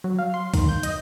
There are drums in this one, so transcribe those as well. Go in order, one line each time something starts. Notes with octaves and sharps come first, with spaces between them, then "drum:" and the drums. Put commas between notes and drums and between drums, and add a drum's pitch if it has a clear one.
F#3
F5
C6
D#3, drum: kick C2, open hi-hat
G6
D#5, drum: hi-hat